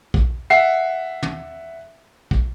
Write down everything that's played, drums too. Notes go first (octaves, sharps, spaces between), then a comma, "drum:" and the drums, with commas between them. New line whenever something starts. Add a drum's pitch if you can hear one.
drum: kick
E5 F#5 C7
drum: tom
drum: kick